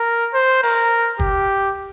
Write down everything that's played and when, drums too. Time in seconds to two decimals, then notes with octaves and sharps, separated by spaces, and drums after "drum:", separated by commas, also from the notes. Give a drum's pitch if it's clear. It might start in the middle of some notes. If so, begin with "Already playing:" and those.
Already playing: A#4
0.34 C5
0.63 A#4, drum: open hi-hat
1.19 G4, drum: kick